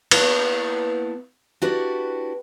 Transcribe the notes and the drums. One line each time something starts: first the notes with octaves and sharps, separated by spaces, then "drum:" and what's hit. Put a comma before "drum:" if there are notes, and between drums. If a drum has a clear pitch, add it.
A#3 B3 D4 E4 B4, drum: cymbal
D4 E4 F#4 G4 B4 D5